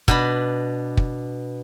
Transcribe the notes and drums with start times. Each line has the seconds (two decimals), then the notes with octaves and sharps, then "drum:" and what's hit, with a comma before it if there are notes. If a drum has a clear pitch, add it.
0.08 B2 D4 B5, drum: kick
0.97 drum: kick